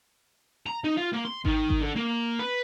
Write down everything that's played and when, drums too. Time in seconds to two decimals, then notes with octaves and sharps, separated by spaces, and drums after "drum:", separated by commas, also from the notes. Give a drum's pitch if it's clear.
0.67 A#5
0.84 D#4
0.97 F4
1.12 A#3
1.25 C6
1.45 D#3, drum: kick G#1
1.70 drum: kick G#1
1.80 D3
1.95 A#3
2.39 B4